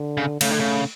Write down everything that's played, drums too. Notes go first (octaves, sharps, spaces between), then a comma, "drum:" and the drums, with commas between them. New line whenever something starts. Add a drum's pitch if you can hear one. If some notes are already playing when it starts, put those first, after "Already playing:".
Already playing: D3
C#3
C#3 A3, drum: cymbal
D3
C#3